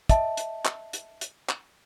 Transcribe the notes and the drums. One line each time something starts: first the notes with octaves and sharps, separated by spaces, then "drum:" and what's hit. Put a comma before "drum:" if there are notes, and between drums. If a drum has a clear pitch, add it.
D#5 E5 A5, drum: kick, hi-hat
drum: hi-hat
drum: clap
drum: hi-hat
drum: hi-hat
drum: clap